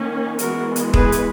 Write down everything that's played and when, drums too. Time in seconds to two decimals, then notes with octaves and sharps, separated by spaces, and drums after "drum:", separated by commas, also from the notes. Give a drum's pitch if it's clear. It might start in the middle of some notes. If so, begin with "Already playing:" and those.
Already playing: D#3 A#3 C#4
0.39 E3 G#3 B3 F#4 A#4, drum: hi-hat
0.76 drum: hi-hat
0.94 G#4 B4, drum: kick
1.12 drum: hi-hat